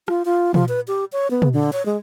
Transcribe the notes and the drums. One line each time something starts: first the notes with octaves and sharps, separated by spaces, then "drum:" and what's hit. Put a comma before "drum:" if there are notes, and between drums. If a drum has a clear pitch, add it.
F4, drum: rim click
F4
F3, drum: tom
B4
G4
C#5
B3
drum: tom
D3
C#5
G#3